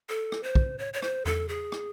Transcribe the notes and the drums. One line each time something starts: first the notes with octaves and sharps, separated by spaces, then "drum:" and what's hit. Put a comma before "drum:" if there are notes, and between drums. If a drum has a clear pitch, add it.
A4
drum: rim click
C5
drum: kick
C#5
C#5
C5, drum: rim click
A4, drum: tom E2
G#4
drum: rim click